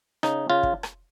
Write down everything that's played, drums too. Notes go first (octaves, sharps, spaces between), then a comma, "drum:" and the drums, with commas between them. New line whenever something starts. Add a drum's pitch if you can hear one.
C#3 D#4, drum: rim click
C#3 F4
drum: kick
drum: rim click